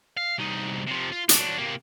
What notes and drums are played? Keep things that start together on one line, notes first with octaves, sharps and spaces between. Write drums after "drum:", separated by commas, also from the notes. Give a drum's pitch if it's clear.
F5
C2 D#4
C3 F3
F4
F#3 D4, drum: hi-hat
C3 A#3